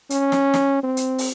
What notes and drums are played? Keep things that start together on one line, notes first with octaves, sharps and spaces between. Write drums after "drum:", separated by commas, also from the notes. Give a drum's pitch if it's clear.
C#4, drum: hi-hat
drum: snare
drum: snare
C4
drum: hi-hat
drum: open hi-hat